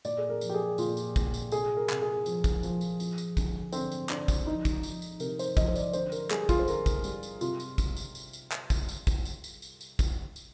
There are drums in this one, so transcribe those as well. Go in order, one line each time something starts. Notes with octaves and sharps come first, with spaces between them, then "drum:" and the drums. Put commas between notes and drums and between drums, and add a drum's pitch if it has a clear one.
A#2 D5, drum: tambourine
G#4
A#4
F3, drum: tambourine
G4
G#4
A#2 F4, drum: tambourine
drum: tambourine
A#2, drum: kick, tambourine
drum: tambourine
C3 G#4, drum: tambourine
A#4
C3, drum: clap
G#4
F3, drum: tambourine
drum: kick, tambourine
F3, drum: tambourine
drum: tambourine
F3, drum: tambourine
drum: tambourine
D3, drum: kick, tambourine
D3 C4, drum: tambourine
drum: tambourine
D3 D4, drum: clap
drum: kick, tambourine
F3 D#4
drum: kick, tambourine
F3, drum: tambourine
drum: tambourine
C3 A#4, drum: tambourine
C5, drum: tambourine
F3 D#5, drum: kick, tambourine
C5
D5, drum: tambourine
D3 C5, drum: tambourine
A#4, drum: tambourine
G3 G#4, drum: clap
F4, drum: kick, tambourine
C5
D3 A#4, drum: tambourine
drum: kick, tambourine
G3, drum: tambourine
drum: tambourine
C3 F4, drum: tambourine
drum: tambourine
drum: kick, tambourine
drum: tambourine
drum: tambourine
drum: tambourine
drum: clap
drum: kick, tambourine
drum: tambourine
drum: kick, tambourine
drum: tambourine
drum: tambourine
drum: tambourine
drum: tambourine
drum: kick, tambourine
drum: tambourine